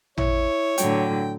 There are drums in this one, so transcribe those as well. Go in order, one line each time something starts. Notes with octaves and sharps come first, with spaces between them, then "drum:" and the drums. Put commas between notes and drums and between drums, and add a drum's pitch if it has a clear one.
E4 C#5, drum: tom
A2 D3 F#3 G5, drum: hi-hat